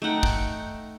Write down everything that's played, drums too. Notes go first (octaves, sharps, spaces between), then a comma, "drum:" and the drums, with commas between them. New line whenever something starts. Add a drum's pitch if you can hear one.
A3 D#4 F#5 G5
drum: kick